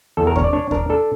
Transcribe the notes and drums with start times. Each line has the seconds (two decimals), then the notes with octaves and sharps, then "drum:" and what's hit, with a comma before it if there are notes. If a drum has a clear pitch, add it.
0.17 E2 A4
0.27 A#4
0.36 D4 C#5, drum: kick D#2
0.44 D5
0.53 D4 C#5
0.71 D4 A#4, drum: kick D#2
0.89 D4 A4